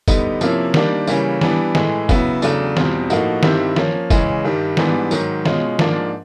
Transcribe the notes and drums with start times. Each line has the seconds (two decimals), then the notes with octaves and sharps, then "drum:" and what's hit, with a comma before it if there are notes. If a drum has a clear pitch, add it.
0.08 D3 G3 B3 D#4, drum: kick, tambourine
0.41 C3 F3 A#3 C#4 E4, drum: tambourine
0.74 D#3 G3 A#3 D4, drum: snare D#3
1.07 C#3 E3 G3 A#3 C#4, drum: tambourine
1.41 E3 G3 B3 D4, drum: snare D#3
1.75 A2 E3 G#3, drum: snare D#3
2.09 C#3 F#3 B3 E4, drum: kick, tambourine
2.42 E2 C#3 F#3 A3 D4, drum: tambourine
2.77 E2 B2 G3 C4 F4, drum: snare D#3
3.10 A2 F3 A#3 D#4 F#4, drum: tambourine
3.43 G2 D#3 G3 C4 E4, drum: snare D#3
3.76 F3 A#3 C#4, drum: snare D#3
4.10 C#3 E3 G#3 C#4, drum: kick, tambourine
4.45 G2 D#3 G3
4.77 G#2 E3 G3 B3 D4, drum: snare D#3
5.11 G#2 D#3 F#3, drum: tambourine
5.45 B2 G#3 C#4 F4, drum: snare D#3
5.79 G#2 F3 A#3 D4, drum: snare D#3